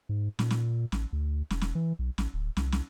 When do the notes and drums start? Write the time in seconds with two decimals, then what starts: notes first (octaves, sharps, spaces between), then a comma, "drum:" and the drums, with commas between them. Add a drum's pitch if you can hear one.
0.09 G#2
0.39 A#2, drum: snare
0.50 drum: snare
0.92 A1, drum: snare
1.13 D2
1.50 E1, drum: snare
1.61 drum: snare
1.75 E3
1.99 B1
2.18 A1, drum: snare
2.34 D1
2.57 C2, drum: snare
2.72 drum: snare